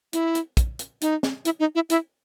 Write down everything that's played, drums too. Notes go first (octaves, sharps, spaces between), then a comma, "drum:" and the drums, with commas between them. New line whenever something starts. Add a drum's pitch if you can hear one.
E4, drum: hi-hat
drum: hi-hat
drum: kick, hi-hat
drum: hi-hat
D#4, drum: hi-hat
drum: snare
E4, drum: hi-hat
D#4
E4
E4, drum: hi-hat